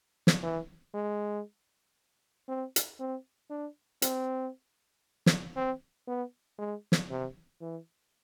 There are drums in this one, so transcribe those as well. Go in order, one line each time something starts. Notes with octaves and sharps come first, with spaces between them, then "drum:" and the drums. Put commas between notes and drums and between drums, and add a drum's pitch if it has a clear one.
drum: snare
E3
G#3
C4
drum: hi-hat
C4
D4
C4, drum: hi-hat
drum: snare
C4
B3
G#3
drum: snare
C3
E3